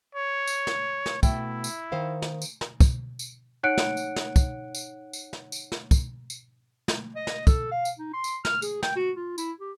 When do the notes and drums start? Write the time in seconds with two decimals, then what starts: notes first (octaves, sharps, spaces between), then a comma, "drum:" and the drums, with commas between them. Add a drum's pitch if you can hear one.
0.15 C#5
0.47 drum: tambourine
0.67 drum: snare
1.06 drum: snare
1.23 B2 A3 E4 G5, drum: kick, tambourine
1.64 drum: tambourine
1.92 D#3 C5 F5
2.22 drum: snare
2.42 drum: tambourine
2.61 drum: snare
2.80 drum: kick, tambourine
3.19 drum: tambourine
3.63 D#4 C#5 F#5 F#6 C#7 D7
3.78 drum: snare
3.97 drum: tambourine
4.16 drum: snare
4.36 drum: kick, tambourine
4.75 drum: tambourine
5.13 drum: tambourine
5.33 drum: snare
5.52 drum: tambourine
5.72 drum: snare
5.91 drum: kick, tambourine
6.30 drum: tambourine
6.88 drum: snare
7.16 D#5
7.27 drum: snare
7.47 A4, drum: kick, tambourine
7.72 F5
7.85 drum: tambourine
7.99 D#4
8.14 C6
8.24 drum: tambourine
8.45 F6, drum: snare
8.62 G#4, drum: tambourine
8.83 G5, drum: snare
8.96 F#4
9.16 F4
9.38 E4, drum: tambourine
9.60 G4